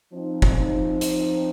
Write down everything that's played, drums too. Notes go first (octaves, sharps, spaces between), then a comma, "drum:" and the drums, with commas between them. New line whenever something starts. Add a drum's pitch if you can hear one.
F3 C4 D#4
drum: kick
drum: hi-hat